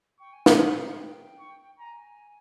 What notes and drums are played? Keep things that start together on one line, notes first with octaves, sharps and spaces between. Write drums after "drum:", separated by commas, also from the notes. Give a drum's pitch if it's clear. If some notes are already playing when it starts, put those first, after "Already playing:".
G5 C#6
G#5
F5, drum: snare
G5
C#6
G#5 A#5